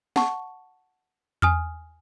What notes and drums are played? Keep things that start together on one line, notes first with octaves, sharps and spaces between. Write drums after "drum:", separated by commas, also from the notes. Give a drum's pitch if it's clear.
F#5 A5 C#6, drum: snare
G#5 D#6 F6, drum: tom E2